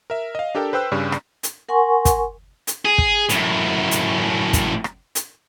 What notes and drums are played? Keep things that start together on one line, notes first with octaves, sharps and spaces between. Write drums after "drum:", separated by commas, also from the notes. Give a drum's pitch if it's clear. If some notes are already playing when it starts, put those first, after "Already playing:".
A#4 E5
D#5 F5
D4 G4 A4 A#4 G5
B4 C5 G5 E6 F#6
G2 C#3 G3
drum: rim click
drum: hi-hat
A#4 F#5 G#5 C6 C#6
drum: kick, hi-hat
drum: hi-hat
G#4
drum: kick
F#2 A2, drum: hi-hat
drum: hi-hat
drum: kick, hi-hat
drum: rim click
drum: hi-hat